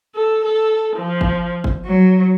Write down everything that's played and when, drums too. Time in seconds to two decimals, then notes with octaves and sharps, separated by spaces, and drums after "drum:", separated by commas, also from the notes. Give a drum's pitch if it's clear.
0.15 A4
0.45 A4
0.96 F3
1.21 drum: kick G1
1.64 drum: kick G1
1.86 F#3